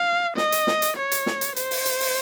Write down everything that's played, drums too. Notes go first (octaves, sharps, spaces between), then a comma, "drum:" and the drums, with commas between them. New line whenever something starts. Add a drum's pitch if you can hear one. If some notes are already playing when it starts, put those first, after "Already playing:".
Already playing: F5
D#5, drum: snare
drum: hi-hat
drum: snare
drum: hi-hat
C#5
drum: hi-hat
drum: snare
drum: hi-hat
C5, drum: hi-hat
drum: open hi-hat
drum: hi-hat
drum: open hi-hat